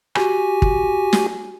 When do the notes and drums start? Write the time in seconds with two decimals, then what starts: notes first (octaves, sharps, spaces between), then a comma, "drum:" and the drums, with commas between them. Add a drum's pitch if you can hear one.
0.15 F#4 G4 G#5, drum: rim click
0.62 drum: kick
1.13 drum: snare